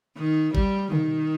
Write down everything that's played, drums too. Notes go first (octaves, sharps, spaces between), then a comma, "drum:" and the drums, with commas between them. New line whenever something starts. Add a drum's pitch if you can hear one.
D#3
G3, drum: kick G#1
D#3, drum: tom